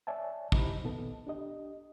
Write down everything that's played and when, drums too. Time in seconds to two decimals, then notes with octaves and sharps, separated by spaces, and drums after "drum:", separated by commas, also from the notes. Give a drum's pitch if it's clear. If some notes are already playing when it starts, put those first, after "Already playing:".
0.07 C#5 D5 E5 G#5 A5
0.52 D#4 E4 G4 C5 D#5 B5, drum: kick
0.84 A#2 D#3 B3 D#4 A4
1.27 D4 G4 D#5